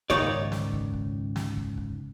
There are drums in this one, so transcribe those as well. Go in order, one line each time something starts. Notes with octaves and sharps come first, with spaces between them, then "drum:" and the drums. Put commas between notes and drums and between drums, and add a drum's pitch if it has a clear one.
C#2 G#2 D#3 D#4 C#5 D5, drum: kick
drum: snare
drum: kick
drum: kick
drum: snare
drum: kick
drum: kick